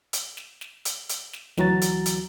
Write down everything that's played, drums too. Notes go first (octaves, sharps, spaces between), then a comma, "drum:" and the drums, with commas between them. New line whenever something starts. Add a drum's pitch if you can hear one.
drum: hi-hat
drum: snare
drum: snare
drum: hi-hat
drum: hi-hat
drum: snare
D2 E3 F#3 F#4 A#5 A6, drum: snare
drum: hi-hat
drum: hi-hat